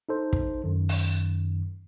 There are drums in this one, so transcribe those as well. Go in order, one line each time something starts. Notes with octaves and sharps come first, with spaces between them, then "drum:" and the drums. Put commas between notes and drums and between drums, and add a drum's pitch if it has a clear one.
D#4 A4 C5
drum: kick
F#2 D#3
drum: open hi-hat